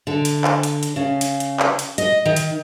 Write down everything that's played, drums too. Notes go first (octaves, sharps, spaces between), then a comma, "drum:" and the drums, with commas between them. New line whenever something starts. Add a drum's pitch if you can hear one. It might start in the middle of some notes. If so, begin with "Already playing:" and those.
D3
drum: hi-hat
drum: clap
drum: hi-hat
drum: hi-hat
C#3
drum: hi-hat
drum: hi-hat
drum: clap
drum: hi-hat
D#5, drum: hi-hat
D#3
drum: hi-hat